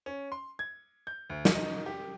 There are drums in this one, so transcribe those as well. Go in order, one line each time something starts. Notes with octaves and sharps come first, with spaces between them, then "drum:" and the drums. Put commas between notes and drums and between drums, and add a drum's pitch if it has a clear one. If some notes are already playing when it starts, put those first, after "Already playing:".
C#4
C6
G#6
G6
D2
drum: snare
D#4
G4